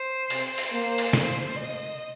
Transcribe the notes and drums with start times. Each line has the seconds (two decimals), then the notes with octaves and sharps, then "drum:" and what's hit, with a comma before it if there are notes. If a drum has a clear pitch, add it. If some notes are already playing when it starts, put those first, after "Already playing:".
Already playing: C5
0.30 C3, drum: open hi-hat
0.58 drum: open hi-hat
0.72 A#3 C5
0.98 drum: open hi-hat
1.13 drum: snare
1.56 D#5